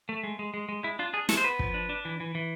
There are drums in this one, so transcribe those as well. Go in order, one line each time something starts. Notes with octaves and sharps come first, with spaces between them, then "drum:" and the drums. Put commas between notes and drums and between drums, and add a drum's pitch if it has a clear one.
A3
G#3
G#3
G#3
G#3
G#3 E4
D4 F4
D4 G#4
G#3 A4, drum: snare
C5
B3 B4
F3, drum: kick
D4
D4
E3
E3
E3